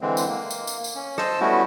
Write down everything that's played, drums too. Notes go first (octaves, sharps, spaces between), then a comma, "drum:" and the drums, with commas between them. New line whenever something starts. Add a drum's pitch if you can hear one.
D3 E3 G#3 C4
drum: tambourine
A#3
drum: tambourine
drum: tambourine
drum: tambourine
C#4
C5 D#5 A5 E6, drum: rim click
G3 A3 B3 C#4 E4 F#4